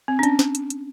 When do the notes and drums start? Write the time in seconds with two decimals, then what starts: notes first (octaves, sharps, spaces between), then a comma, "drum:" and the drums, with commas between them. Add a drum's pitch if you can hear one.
0.08 C4
0.19 D4
0.23 C#4, drum: hi-hat
0.39 drum: snare
0.55 drum: hi-hat
0.70 drum: hi-hat